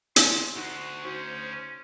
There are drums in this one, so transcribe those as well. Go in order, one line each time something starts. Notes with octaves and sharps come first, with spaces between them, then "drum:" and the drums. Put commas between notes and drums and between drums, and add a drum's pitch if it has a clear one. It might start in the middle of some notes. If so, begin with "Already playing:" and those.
C6, drum: hi-hat
D2 D#4 F#4
C#4 D#4 F#4 C5